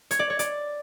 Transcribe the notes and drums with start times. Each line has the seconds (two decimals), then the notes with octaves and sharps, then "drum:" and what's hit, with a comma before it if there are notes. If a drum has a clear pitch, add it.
0.11 C#5, drum: hi-hat
0.19 D5
0.30 C#5
0.39 D5, drum: hi-hat